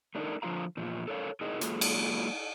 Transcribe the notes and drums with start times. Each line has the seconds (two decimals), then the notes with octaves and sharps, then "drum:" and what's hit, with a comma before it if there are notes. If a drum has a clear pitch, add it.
0.15 A3 D4 D#4 F4 A4 A#4
0.42 D3 F3 F4 G4 F5 A#5
0.77 E2 A#2 F3
1.08 A4 A#4 C#5 D#5 F5
1.41 D#4 E4 G#4 A#4 D#5 G5
1.61 F#3 G#3 A#3 F4 G#4 A4, drum: hi-hat
1.81 drum: cymbal